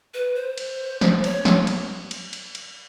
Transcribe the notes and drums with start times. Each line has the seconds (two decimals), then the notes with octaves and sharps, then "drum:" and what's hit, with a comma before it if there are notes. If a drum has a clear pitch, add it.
0.14 B4
0.35 C5
0.58 drum: cymbal
1.01 drum: snare
1.24 C#5, drum: cymbal
1.45 drum: snare
1.67 drum: cymbal
2.11 drum: cymbal
2.33 drum: cymbal
2.55 drum: cymbal